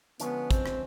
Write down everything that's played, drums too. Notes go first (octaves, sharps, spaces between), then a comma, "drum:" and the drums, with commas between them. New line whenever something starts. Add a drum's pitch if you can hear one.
D3 F3 G#3 B3 C#4, drum: hi-hat
C4, drum: kick, hi-hat
drum: rim click